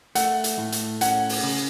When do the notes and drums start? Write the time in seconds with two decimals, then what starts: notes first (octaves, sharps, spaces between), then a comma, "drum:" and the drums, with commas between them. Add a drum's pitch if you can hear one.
0.15 A3 F#5, drum: hi-hat
0.44 drum: hi-hat
0.58 A2
0.72 drum: hi-hat
1.01 C#4 F#5, drum: hi-hat
1.29 drum: open hi-hat
1.43 C#3